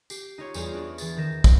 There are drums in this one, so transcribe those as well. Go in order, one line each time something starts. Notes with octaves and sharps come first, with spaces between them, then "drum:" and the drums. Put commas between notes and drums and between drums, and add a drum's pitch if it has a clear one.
G4 C7, drum: tambourine
D#4 F4 C#5
E2 G3 F4 G#4, drum: tambourine
D4 F#4
E3 A6, drum: tambourine
D#3 G6 A#6 E7
drum: kick, tambourine